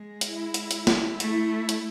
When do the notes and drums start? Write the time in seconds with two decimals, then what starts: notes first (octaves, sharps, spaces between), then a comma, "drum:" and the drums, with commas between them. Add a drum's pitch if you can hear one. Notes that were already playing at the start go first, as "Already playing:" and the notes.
Already playing: G#3
0.21 E4, drum: hi-hat
0.54 drum: hi-hat
0.71 drum: hi-hat
0.87 drum: snare
1.20 A3, drum: hi-hat
1.69 drum: hi-hat